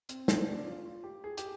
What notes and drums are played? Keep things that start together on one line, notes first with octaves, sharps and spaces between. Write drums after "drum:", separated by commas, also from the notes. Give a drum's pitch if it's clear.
C4, drum: hi-hat
D4, drum: snare
D4
F4
F4
G4
G#4
G4, drum: hi-hat